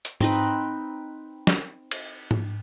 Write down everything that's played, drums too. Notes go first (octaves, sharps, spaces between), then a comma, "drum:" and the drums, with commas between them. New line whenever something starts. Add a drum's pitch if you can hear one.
drum: hi-hat
C4 D#4 B4, drum: tom G#2
drum: snare
drum: cymbal
drum: tom G#2